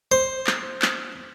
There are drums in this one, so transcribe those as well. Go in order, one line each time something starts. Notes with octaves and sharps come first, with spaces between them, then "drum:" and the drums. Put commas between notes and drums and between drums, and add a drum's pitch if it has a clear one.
C5
drum: clap
drum: clap